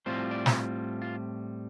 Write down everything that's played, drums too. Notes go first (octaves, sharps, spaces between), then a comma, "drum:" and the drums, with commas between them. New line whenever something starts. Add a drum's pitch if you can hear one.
A2 G3 C4 F4 C5
D5
drum: snare
F4